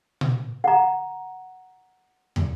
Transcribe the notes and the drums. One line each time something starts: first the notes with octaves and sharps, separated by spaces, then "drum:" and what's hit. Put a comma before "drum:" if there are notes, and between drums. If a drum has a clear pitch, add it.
drum: tom A#2
F#5 A#5
drum: tom